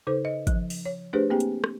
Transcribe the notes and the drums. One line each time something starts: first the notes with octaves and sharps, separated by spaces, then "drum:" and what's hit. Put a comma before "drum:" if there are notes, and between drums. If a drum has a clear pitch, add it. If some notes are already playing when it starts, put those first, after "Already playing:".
C#3 D#4 A4 C5
D#5
F3, drum: kick, hi-hat
drum: open hi-hat
C#5
A3 D4 G4 G#4 B4 C5
A#3 C4 G4 G#4 G5
drum: hi-hat
drum: rim click